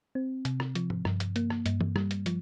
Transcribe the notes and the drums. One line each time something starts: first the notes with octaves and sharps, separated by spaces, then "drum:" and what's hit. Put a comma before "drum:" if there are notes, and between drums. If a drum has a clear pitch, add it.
C4
C3, drum: hi-hat
drum: rim click
F3, drum: hi-hat
drum: tom G#2
G2, drum: rim click
drum: hi-hat
A#3, drum: hi-hat
drum: rim click
G2, drum: hi-hat
drum: tom E3
G3, drum: rim click
drum: hi-hat
F3, drum: hi-hat